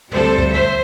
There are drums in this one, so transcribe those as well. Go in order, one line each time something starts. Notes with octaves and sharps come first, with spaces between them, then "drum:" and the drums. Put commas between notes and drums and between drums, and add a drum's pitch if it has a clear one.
D2 C3 G3 A4 C5, drum: tom
drum: kick
C5 E5